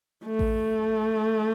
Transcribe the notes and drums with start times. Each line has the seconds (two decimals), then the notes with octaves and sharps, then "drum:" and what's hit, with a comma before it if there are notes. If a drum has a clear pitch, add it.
0.25 A3
0.39 drum: kick A1